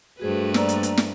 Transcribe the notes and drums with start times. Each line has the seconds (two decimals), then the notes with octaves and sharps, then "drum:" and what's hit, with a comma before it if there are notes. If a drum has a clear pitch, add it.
0.20 G2 A3 F#4 G#4 B4 C5
0.54 A#3 C5 D5 A#5 E6, drum: snare
0.69 drum: hi-hat
0.83 drum: hi-hat
0.97 drum: snare